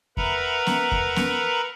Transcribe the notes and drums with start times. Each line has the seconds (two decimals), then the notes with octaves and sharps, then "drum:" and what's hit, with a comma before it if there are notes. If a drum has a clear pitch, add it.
0.17 A#4 B4 E5 F#5 A#5 B5, drum: kick E2
0.67 drum: snare B3
0.92 drum: kick E2
1.16 drum: snare B3